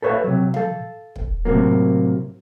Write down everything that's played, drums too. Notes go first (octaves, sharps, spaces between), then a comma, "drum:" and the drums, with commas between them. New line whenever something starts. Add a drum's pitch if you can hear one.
A4 B4 C#5 D5 E5 F5
C3 F#3
A4 F5, drum: tom
drum: kick
A2 C3 F#3 A#3